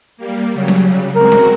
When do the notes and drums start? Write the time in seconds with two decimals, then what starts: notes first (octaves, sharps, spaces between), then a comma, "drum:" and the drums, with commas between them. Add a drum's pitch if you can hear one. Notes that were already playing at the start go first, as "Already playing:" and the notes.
0.17 G3 A#3
0.52 C#3 F#3 G3
0.68 drum: snare C#4
1.16 G#3 C4 F#4 A#4
1.32 drum: snare C#4